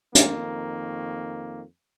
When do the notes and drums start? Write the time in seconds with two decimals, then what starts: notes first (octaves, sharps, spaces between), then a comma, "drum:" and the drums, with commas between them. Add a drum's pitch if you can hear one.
0.15 F2 D#3 A#3, drum: hi-hat